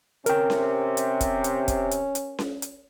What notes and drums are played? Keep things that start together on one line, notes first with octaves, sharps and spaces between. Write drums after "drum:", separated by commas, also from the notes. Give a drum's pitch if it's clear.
C3 C#4 A#4 G5, drum: hi-hat
drum: snare C#4
drum: hi-hat
drum: kick, hi-hat
drum: hi-hat
drum: kick, hi-hat
drum: hi-hat
drum: hi-hat
drum: snare C#4
drum: hi-hat